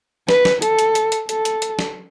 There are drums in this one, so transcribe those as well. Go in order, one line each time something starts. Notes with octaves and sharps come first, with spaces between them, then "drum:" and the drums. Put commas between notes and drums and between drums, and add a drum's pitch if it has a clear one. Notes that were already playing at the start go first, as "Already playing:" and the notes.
B4, drum: snare
drum: snare
A4, drum: hi-hat
drum: hi-hat
drum: hi-hat
drum: hi-hat
A4, drum: hi-hat
drum: hi-hat
drum: hi-hat
drum: snare